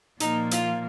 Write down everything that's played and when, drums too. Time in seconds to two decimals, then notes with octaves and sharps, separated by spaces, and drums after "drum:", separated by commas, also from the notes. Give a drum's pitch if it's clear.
0.20 A#2 F3 A#3 D#4, drum: hi-hat
0.51 F4, drum: hi-hat